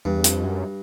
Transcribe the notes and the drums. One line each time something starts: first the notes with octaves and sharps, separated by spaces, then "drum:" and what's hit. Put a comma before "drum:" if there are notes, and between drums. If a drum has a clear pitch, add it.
E2 G2
F2, drum: hi-hat
F#2